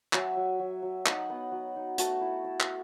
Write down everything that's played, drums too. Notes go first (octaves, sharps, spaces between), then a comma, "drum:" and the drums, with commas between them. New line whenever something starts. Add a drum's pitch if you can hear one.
F#3 E5 G#5, drum: clap
F#3
F#3
F#3
D#4 D#5 F#5, drum: clap
B3
F#3
D#4
A3 F#4 A4, drum: hi-hat
E4
E4
drum: clap